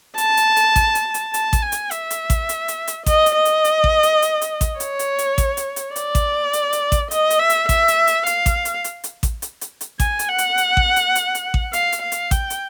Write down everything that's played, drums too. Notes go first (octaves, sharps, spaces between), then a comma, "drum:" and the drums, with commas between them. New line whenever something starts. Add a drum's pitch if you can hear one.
A5, drum: hi-hat
drum: hi-hat
drum: hi-hat
drum: kick A1, hi-hat
drum: hi-hat
drum: hi-hat
A5, drum: hi-hat
drum: kick A1, hi-hat
G#5
drum: hi-hat
E5, drum: hi-hat
drum: hi-hat
drum: kick A1, hi-hat
drum: hi-hat
drum: hi-hat
drum: hi-hat
D#5, drum: kick A1, hi-hat
drum: hi-hat
D#5
drum: hi-hat
drum: hi-hat
drum: kick A1
drum: hi-hat
drum: hi-hat
drum: hi-hat
drum: kick A1, hi-hat
C#5, drum: hi-hat
drum: hi-hat
drum: hi-hat
drum: kick A1, hi-hat
drum: hi-hat
drum: hi-hat
D5, drum: hi-hat
drum: kick A1, hi-hat
drum: hi-hat
drum: hi-hat
drum: kick A1, hi-hat
D#5, drum: hi-hat
drum: hi-hat
E5
drum: hi-hat
E5, drum: kick A1, hi-hat
drum: hi-hat
drum: hi-hat
F5, drum: hi-hat
drum: kick A1, hi-hat
drum: hi-hat
drum: hi-hat
drum: hi-hat
drum: kick A1, hi-hat
drum: hi-hat
drum: hi-hat
drum: hi-hat
G#5, drum: kick A1, hi-hat
drum: hi-hat
F#5
drum: hi-hat
drum: hi-hat
drum: kick A1
drum: hi-hat
drum: hi-hat
drum: hi-hat
drum: kick A1
F5, drum: hi-hat
drum: hi-hat
F5
drum: hi-hat
G5, drum: kick A1, hi-hat
drum: hi-hat